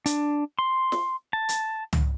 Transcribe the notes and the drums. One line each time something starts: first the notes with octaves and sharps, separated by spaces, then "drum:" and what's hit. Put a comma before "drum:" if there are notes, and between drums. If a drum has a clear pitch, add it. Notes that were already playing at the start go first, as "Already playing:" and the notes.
D4, drum: hi-hat
C6
drum: snare
A5
drum: hi-hat
drum: tom